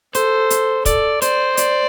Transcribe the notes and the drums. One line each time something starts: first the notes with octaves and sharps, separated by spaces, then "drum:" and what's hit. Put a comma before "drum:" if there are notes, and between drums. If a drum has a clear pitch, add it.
A4 C5, drum: hi-hat
drum: hi-hat
A4 D5, drum: kick, hi-hat
C5 D5, drum: hi-hat
D5, drum: hi-hat